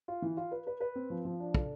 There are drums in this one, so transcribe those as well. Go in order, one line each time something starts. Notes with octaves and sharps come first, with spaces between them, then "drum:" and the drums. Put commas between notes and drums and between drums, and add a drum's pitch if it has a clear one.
F4
E3
F4
B4
B4
B4
C4
F3
F3
D4
A4, drum: kick